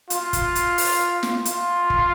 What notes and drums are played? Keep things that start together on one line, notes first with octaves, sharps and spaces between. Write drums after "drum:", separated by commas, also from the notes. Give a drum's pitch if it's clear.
F4, drum: hi-hat
drum: kick, hi-hat
drum: hi-hat
drum: open hi-hat
drum: snare
F4, drum: hi-hat
drum: kick